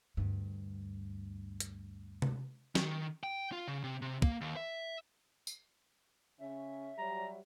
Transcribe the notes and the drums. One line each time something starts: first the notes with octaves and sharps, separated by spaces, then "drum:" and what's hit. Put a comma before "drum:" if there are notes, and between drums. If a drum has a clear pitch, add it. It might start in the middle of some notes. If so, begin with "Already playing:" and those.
D2 G2
drum: hi-hat
drum: tom C3
D#3, drum: snare
G5
F4
C#3
C3
C3
A#3, drum: kick
D#2
E5
drum: tambourine
C#3 C#4 E5
F#3 G3 A#5